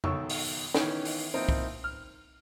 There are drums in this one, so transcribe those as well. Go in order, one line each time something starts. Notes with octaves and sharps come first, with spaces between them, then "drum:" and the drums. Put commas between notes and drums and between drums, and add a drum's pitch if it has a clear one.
B1 D#3 A4 C#5 C#6 E6, drum: tom F2
drum: open hi-hat
D#3 E3 B3 C#4 D#4, drum: snare
drum: open hi-hat
F3 A#3 C4 D#4 E4
drum: kick
F6